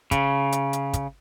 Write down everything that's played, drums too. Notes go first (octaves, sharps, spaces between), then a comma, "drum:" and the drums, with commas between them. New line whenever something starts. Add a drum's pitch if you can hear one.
C#3, drum: kick, hi-hat
drum: hi-hat
drum: hi-hat
drum: kick, hi-hat